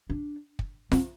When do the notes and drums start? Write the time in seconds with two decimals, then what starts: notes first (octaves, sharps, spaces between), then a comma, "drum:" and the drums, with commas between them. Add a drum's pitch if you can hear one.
0.10 D4
0.59 drum: kick
0.92 C4, drum: snare F4